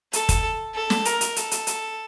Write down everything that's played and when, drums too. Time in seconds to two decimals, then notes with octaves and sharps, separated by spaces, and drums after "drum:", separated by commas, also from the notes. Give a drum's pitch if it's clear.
0.13 A4, drum: hi-hat
0.29 drum: kick, hi-hat
0.75 A4
0.90 drum: snare
1.05 A#4, drum: hi-hat
1.21 drum: hi-hat
1.36 A4, drum: hi-hat
1.51 drum: hi-hat
1.67 drum: hi-hat